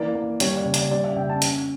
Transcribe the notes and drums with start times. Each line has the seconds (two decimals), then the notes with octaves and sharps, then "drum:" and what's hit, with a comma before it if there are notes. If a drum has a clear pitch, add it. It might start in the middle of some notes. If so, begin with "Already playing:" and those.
Already playing: E3 A#3 D5
0.15 A#3
0.40 G3 C#5, drum: hi-hat
0.57 D5
0.65 C#3
0.74 D5, drum: hi-hat
0.91 G3 D5
1.04 E5
1.16 C#3 G5
1.29 A5
1.42 C#4, drum: hi-hat